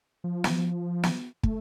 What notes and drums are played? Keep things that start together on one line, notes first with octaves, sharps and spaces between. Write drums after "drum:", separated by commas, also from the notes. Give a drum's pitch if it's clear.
F3
drum: snare
drum: snare
A3, drum: kick